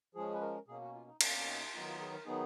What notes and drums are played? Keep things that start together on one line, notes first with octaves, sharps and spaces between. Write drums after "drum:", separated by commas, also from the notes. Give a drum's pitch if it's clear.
F3 G#3 C#4 G#4
B4
A#4
B2 A#3 C#4 G#4
F#4
F4
D#4
B2 A#3 C#4, drum: cymbal
D#4
D#3 F#3 B3 D#4 F4
F4
G#4
A#4
D#3 F#3 B3 D#4 G#4